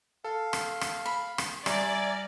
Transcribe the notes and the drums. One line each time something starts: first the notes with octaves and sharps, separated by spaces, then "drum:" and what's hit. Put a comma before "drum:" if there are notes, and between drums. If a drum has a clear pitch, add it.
A4 F5
drum: rim click
drum: rim click
B5
drum: rim click
G3 D5 E5 G#5 A#5, drum: rim click